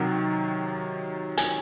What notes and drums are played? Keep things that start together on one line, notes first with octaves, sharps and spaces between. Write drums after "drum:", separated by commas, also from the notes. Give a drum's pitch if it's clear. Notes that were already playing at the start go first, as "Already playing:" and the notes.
Already playing: C3 D#3 F#3 F#5
G#5, drum: hi-hat